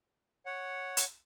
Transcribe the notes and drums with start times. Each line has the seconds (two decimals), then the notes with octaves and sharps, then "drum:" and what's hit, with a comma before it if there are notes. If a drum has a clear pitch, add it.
0.46 C#5 F#5
0.97 drum: hi-hat